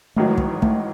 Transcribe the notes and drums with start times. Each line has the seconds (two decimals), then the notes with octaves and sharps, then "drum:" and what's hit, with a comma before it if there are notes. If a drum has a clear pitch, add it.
0.16 A1 G#2 D#3 F#3 A3
0.38 drum: kick
0.62 A3, drum: kick